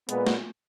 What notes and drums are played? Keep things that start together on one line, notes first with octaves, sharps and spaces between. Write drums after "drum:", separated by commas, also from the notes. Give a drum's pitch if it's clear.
A#2 G#3 B3, drum: hi-hat
drum: snare